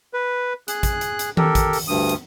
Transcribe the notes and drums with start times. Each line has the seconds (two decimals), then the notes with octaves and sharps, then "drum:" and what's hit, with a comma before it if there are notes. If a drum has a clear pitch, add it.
0.14 B4
0.68 G#4 F#6, drum: hi-hat
0.83 drum: kick A1, hi-hat
1.01 drum: hi-hat
1.19 drum: hi-hat
1.37 G4 A4 A#4, drum: tom D#3
1.55 drum: kick A1, hi-hat
1.73 drum: open hi-hat
1.88 D2 G2 D#6
2.09 drum: hi-hat